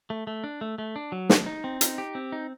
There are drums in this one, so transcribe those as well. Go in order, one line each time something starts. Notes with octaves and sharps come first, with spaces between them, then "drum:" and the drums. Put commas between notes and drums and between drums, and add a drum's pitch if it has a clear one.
A3
A3
D4
A3
A3
D4
F#3
D4, drum: snare
D#4
C4
D#4, drum: hi-hat
G4
C4
D#4